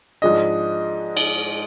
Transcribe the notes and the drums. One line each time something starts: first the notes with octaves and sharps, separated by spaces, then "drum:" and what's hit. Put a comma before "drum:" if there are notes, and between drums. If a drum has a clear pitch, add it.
G#2 F3 G#3 D4 D#5
drum: cymbal